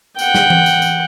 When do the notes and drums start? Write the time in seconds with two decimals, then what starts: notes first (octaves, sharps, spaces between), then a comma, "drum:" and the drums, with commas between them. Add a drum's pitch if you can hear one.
0.19 F#5 G5, drum: tambourine
0.34 drum: snare
0.50 drum: tom E3
0.66 drum: tambourine
0.82 drum: tambourine